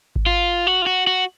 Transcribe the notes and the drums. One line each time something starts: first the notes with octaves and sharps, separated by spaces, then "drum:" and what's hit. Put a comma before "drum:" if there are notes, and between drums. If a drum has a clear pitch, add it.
drum: kick G#1
F4
F#4
F4
F#4
F#4